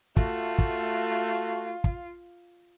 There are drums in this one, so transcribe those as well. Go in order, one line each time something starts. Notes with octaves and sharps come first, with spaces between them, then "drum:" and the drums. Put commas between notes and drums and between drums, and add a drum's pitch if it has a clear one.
A3 F4 F#4, drum: kick
drum: kick
drum: kick